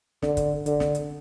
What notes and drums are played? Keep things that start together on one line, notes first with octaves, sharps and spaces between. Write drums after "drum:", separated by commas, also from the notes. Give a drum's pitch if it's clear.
D3, drum: snare
drum: kick, hi-hat
D3, drum: hi-hat
drum: snare
drum: hi-hat